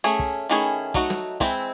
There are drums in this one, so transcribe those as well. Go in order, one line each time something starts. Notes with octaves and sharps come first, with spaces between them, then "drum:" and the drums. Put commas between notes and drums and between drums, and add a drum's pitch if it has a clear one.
A3 C#4 G#4
drum: kick
D#3 A3 C#4 E4 G#4
F#3 A3 D#4 F#4, drum: kick
drum: snare
E3 G#3 C4 E4, drum: kick